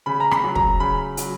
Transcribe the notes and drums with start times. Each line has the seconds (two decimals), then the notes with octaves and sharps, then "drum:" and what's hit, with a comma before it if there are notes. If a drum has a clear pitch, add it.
0.06 C#3 B5
0.20 A#5
0.31 B5, drum: rim click
0.44 F#3
0.56 A#5, drum: kick
0.80 C#3 B5
1.17 F#3, drum: hi-hat